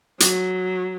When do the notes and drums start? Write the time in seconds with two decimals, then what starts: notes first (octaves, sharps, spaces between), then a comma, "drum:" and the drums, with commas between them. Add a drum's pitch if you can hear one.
0.20 F#3, drum: hi-hat